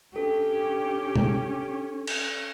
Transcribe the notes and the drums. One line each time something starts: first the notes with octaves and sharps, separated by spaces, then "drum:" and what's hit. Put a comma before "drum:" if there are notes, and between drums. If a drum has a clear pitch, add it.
C#4 D4 G4 A4
drum: tom
drum: cymbal